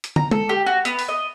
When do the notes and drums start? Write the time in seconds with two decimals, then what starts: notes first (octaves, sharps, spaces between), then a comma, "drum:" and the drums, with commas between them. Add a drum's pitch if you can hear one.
0.04 drum: hi-hat
0.16 A#5, drum: tom
0.31 A4, drum: tom G#3
0.49 G4
0.66 F#4
0.85 B3, drum: hi-hat
0.99 drum: open hi-hat
1.08 D#5